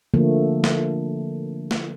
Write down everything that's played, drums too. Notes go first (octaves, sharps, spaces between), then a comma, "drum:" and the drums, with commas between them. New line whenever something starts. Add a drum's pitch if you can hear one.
D3 F3 A3 A#3
drum: snare
drum: snare